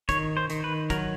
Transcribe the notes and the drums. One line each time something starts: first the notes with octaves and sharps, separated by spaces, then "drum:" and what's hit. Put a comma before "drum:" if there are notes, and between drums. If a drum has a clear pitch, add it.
D#3 C#5, drum: kick, hi-hat
C5
D#3, drum: hi-hat
B4
F#3 A#4, drum: kick, hi-hat